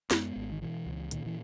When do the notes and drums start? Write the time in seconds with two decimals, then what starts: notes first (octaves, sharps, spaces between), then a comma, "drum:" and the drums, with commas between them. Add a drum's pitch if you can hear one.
0.11 F#2 G#3 B3, drum: snare
0.36 G#1
0.52 D#3
0.61 B2 E3
0.86 C#2
1.11 A#2 D#3, drum: hi-hat
1.26 E3